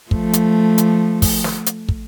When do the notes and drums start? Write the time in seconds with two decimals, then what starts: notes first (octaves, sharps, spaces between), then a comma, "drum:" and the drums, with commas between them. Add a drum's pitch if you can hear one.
0.11 F3 A3, drum: kick
0.33 drum: hi-hat
0.78 drum: hi-hat
1.22 drum: kick, open hi-hat
1.44 drum: snare
1.66 drum: hi-hat
1.89 drum: kick